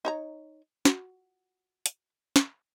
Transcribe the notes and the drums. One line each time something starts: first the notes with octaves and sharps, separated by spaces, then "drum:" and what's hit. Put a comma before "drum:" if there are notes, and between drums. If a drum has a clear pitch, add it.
D#4 C#5 A#5
F#4, drum: snare
drum: hi-hat
drum: snare